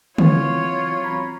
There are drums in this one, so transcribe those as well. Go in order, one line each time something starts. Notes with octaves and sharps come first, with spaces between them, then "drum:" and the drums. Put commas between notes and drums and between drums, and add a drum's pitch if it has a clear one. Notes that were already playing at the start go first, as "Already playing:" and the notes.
E3 F#3 C4 F4 C#5, drum: tom
A#5 B5